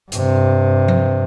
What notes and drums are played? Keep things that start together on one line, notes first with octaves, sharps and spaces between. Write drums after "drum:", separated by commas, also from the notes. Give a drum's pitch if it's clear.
G2 C3, drum: hi-hat
drum: tom F3